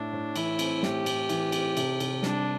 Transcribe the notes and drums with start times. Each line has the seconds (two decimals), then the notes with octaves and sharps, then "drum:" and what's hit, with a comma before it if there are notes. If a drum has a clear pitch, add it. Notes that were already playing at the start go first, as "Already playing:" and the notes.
Already playing: A2 D4
0.13 A2
0.36 E3 E4, drum: cymbal
0.59 C4, drum: cymbal
0.83 A2 G4, drum: snare
1.06 A2, drum: cymbal
1.29 E3, drum: cymbal
1.52 C4, drum: cymbal
1.77 C3, drum: cymbal
2.00 C3, drum: cymbal
2.23 G3 D4, drum: snare